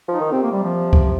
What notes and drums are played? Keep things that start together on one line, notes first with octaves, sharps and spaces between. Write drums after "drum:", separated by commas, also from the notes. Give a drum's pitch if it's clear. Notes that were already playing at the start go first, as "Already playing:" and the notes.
F3 D#4
D#3
C3 C4
A#3
G3
F3
drum: kick C#2